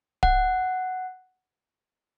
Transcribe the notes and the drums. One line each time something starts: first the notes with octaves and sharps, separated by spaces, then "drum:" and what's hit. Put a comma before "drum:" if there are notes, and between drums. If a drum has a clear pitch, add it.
F#5, drum: kick D1